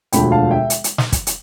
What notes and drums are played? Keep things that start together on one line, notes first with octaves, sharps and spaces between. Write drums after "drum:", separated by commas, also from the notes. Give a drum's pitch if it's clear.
E1 D2 D3 F3 G5 B5, drum: hi-hat
F5 A5
E5 G5
drum: hi-hat
drum: hi-hat
drum: snare
drum: kick, hi-hat
drum: hi-hat